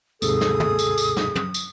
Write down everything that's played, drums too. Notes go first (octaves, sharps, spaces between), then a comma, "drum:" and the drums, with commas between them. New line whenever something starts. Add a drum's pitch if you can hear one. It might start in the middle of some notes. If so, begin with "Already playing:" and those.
D#2 G#2 C3 G#4 A4 D#6, drum: tambourine
drum: snare
drum: tom
drum: tambourine
drum: tambourine
drum: snare
drum: tom
drum: tambourine